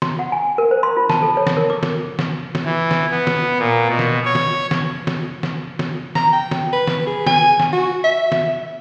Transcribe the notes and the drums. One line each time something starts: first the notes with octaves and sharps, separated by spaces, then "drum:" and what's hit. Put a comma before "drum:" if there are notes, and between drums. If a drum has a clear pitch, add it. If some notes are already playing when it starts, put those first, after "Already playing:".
C6, drum: snare
F#5
G#5
A#4
C5
C6
F4
A5, drum: snare
A4
C#5
drum: snare
A#4
D6
drum: snare
drum: snare
drum: snare
E3
drum: snare
B3
drum: snare
A#2
B2
drum: snare
C#5
drum: snare
drum: snare
drum: snare
drum: snare
drum: snare
A#5, drum: snare
G5
drum: snare
B4
drum: snare
G#4
G#5, drum: snare
drum: snare
F#4
E5
drum: snare